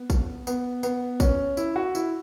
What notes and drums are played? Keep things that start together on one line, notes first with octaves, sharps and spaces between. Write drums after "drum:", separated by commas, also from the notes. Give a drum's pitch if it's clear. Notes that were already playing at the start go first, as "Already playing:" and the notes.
Already playing: B3
drum: kick, tambourine
B3, drum: tambourine
B3, drum: tambourine
C#4, drum: kick, tambourine
E4, drum: tambourine
F#4
E4, drum: tambourine